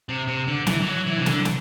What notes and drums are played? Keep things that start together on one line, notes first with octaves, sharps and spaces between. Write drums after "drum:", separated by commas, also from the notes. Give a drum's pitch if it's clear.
C3
C3
D3
E3, drum: snare
E3
F#3
E3
C3
D3, drum: snare
drum: snare